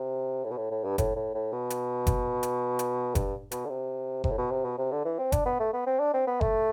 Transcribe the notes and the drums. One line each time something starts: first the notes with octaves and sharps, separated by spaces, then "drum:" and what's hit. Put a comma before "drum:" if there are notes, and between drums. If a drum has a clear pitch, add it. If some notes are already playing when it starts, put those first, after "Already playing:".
Already playing: C3
A2
B2
A2
A2
G2
A2, drum: kick F#1, hi-hat
A2
A2
B2
drum: hi-hat
drum: kick F#1, hi-hat
drum: hi-hat
drum: hi-hat
G2, drum: kick F#1, hi-hat
B2, drum: hi-hat
D3
C3
C3, drum: kick F#1
A2
B2
C3
B2
C3
D3
E3
C4
D4, drum: kick F#1, hi-hat
B3
A3
B3
C4
D4
C4
B3
A3, drum: kick F#1